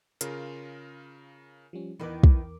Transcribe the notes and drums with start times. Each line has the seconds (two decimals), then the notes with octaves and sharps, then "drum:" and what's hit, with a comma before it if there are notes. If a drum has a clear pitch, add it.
0.21 C#3 F4 A#4, drum: hi-hat
1.73 F3 G3 C#4
2.00 E2 D#3 B3 E4 A#4 D6
2.23 drum: kick